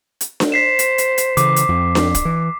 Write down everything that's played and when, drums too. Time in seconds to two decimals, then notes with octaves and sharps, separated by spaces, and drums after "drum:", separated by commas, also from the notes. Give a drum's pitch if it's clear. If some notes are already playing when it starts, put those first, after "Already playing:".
0.21 drum: hi-hat
0.40 drum: snare D4
0.52 C5 B6 C7 E7
0.79 drum: hi-hat
0.98 drum: hi-hat
1.18 drum: hi-hat
1.37 C#3 E3 D6, drum: hi-hat
1.56 drum: hi-hat
1.69 F2
1.95 drum: snare D4
2.15 drum: kick, hi-hat
2.25 E3